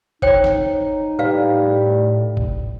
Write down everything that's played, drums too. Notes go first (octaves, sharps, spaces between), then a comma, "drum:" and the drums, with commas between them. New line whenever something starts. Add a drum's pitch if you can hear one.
D#4 C5 C#5 G5, drum: kick
drum: snare
A2 G3 B4 F5
drum: kick